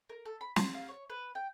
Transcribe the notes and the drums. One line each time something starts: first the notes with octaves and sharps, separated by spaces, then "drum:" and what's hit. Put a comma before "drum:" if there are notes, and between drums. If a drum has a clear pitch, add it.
A#4
A4
B5
C6, drum: snare
F5
C#5
B4
G5